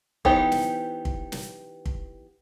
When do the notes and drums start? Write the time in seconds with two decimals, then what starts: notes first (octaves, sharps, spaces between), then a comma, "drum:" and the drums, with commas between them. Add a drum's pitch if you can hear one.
0.25 E3 B3 D#4 G4 C5, drum: kick
0.52 drum: snare
1.05 drum: kick
1.32 drum: snare
1.86 drum: kick